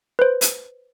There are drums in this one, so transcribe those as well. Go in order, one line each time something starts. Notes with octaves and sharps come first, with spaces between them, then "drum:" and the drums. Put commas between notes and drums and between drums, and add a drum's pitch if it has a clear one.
B4 C5
drum: hi-hat